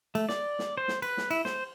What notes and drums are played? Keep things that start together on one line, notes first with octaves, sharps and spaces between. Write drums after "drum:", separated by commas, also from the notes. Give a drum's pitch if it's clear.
A3, drum: cymbal
D5, drum: snare
drum: snare
C5
drum: snare
B4, drum: cymbal
drum: snare
E4, drum: cymbal
C5, drum: snare